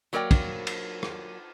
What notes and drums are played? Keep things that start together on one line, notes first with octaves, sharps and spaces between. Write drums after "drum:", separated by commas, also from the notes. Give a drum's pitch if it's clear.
F#3 A#3 A#4 D5 G5
drum: kick, cymbal
drum: cymbal
drum: rim click